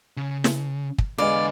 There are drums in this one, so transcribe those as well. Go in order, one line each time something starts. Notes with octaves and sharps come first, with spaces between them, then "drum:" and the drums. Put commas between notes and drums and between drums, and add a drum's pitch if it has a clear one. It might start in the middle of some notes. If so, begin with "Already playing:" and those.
C#3
drum: snare
drum: kick
E2 D3 G#3 D5 F5 B5